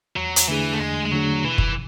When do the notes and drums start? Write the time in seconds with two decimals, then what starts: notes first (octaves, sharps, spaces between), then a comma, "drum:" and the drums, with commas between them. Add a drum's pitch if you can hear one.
0.16 E2 F#3
0.36 drum: hi-hat
0.48 D3 E3 A3 D4 G#4
0.74 A3
0.79 E2 G#3
1.06 G#3
1.12 D3 F#3 A3 D4 G#4
1.44 B2 E3
1.58 drum: kick